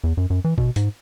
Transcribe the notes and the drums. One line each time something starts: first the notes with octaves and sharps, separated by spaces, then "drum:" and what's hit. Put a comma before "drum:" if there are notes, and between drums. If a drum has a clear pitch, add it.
E2
F#2
F#2
E3
B2, drum: kick
G#2, drum: hi-hat